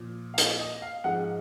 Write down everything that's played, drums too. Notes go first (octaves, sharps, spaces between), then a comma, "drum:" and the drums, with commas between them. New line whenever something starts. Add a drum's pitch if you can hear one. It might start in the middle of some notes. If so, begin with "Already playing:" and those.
Already playing: A#2 F3
F5
D#5, drum: hi-hat
D#5
F5
G#2 F3 G#3 D#4 F#5